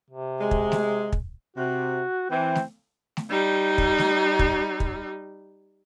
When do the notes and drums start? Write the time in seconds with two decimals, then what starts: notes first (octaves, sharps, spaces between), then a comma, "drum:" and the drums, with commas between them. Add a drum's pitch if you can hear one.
0.10 C3
0.40 G#3
0.51 drum: kick
0.72 drum: snare A3
1.12 drum: kick
1.57 C3 F#4
2.30 E3 C4
2.55 drum: snare A3
3.17 drum: snare A3
3.30 G3 D#4
3.78 drum: kick
3.98 drum: snare A3
4.39 drum: kick
4.80 drum: kick